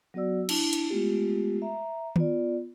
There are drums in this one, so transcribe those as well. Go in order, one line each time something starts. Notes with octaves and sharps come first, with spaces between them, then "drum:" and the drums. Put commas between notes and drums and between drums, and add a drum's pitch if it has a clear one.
F#3 B3 F#4 D5 E6
D4 E4 A5, drum: cymbal
drum: hi-hat
G#3 A3 B3 F4 G4
E5 A#5
B3 F4 D5, drum: tom D#3